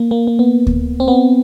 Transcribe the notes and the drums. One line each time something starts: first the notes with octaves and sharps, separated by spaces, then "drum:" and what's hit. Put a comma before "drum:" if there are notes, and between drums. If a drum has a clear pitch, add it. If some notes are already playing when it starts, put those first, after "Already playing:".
Already playing: A#3
A#3
A#3
B3
drum: kick D2
C4
B3